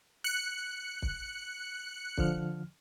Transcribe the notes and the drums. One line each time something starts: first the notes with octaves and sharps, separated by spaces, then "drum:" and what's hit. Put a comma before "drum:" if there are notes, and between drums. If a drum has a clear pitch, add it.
F#6 C#7
drum: kick
D3 F3 F6, drum: kick